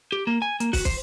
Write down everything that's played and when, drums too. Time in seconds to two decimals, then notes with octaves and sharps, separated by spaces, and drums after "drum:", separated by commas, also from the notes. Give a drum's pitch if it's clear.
0.12 G4
0.27 A#3
0.42 G#5
0.60 A#3, drum: hi-hat
0.73 F#4, drum: kick, open hi-hat
0.85 C5, drum: kick, hi-hat